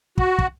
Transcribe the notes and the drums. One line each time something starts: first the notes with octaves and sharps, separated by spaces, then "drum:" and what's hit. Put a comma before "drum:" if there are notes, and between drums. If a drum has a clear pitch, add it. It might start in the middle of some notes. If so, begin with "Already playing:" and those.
F#4, drum: kick
drum: kick